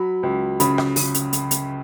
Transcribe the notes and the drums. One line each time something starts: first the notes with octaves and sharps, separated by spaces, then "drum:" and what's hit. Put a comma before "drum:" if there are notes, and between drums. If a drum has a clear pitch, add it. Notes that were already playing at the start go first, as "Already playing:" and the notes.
Already playing: F#3 B5
C#2
C#3 B5, drum: hi-hat
drum: rim click
C#3, drum: open hi-hat
drum: hi-hat
drum: hi-hat
drum: hi-hat